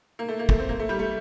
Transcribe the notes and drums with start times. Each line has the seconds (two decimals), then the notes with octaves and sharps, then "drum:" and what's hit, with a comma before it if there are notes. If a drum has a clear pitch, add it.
0.19 A#3
0.28 A3
0.39 A#3
0.49 A3, drum: kick
0.59 C4
0.69 A#3
0.79 A3
0.89 G3
0.99 A3